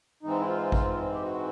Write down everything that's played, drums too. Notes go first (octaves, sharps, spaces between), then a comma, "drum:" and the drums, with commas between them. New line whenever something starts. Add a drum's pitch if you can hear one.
G#2 E3 G#3 C4 D#4
E4
F4
drum: kick G#1
G4
F#4